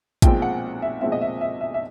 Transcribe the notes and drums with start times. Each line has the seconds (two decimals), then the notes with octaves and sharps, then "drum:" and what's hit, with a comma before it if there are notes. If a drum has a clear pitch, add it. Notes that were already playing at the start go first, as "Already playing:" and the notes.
0.22 B1 A#2 F3 G#3 C4 G5, drum: kick, hi-hat
0.42 F#5
0.82 E5
1.01 B1 A#2 F3 G#3 C4 E5
1.12 D#5
1.21 E5
1.41 E5
1.61 E5
1.74 E5